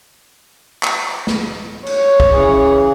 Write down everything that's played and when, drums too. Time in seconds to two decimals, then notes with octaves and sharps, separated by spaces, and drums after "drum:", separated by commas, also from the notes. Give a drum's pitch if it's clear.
0.83 drum: clap
1.27 drum: snare
1.86 C#5, drum: cymbal
2.20 drum: kick
2.32 C#3 E3 G#4